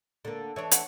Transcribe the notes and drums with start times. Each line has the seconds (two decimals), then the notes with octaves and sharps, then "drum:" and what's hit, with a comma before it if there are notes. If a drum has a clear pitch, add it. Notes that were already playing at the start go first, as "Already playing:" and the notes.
0.25 D3 A#3
0.56 E3 D4 C#5
0.71 F#5, drum: hi-hat